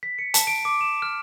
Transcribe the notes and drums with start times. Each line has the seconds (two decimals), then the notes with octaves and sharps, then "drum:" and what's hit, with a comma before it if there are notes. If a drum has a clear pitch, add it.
0.03 B6
0.19 C#7
0.34 A5, drum: hi-hat
0.47 D7
0.65 D6
0.81 E7
1.02 F6